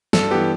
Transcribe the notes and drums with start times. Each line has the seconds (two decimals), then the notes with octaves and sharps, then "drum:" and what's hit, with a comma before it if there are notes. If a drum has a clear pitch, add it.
0.13 G2 A4, drum: snare
0.30 E3 B3 G4